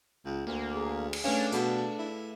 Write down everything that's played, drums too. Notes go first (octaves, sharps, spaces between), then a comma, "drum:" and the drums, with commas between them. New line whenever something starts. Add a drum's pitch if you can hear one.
C#2
D2 A#3
G#4
drum: cymbal
A3 C#4 D4 B4 F5
B2 A4, drum: hi-hat
E4